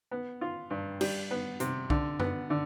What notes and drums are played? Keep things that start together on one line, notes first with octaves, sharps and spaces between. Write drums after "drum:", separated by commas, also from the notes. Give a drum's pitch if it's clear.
B3
F4
G2
G3, drum: cymbal
B3
C3, drum: hi-hat
D3, drum: kick B1
B3, drum: tom F#2
D3